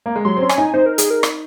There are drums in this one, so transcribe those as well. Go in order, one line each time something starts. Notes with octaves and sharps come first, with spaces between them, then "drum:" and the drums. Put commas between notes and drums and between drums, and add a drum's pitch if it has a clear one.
A#3
G#3
F#3 C6
C4
C#4
G#5, drum: rim click
D#4
D#4 C5
A#4
G#4, drum: hi-hat
A#4
drum: rim click